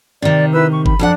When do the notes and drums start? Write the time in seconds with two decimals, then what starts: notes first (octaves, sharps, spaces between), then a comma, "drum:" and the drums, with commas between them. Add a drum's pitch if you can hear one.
0.22 C3 D#3 D5
0.53 E4 B4 E6
0.71 C#6
0.86 B5, drum: kick G1
0.99 F2 D4 G4 F#5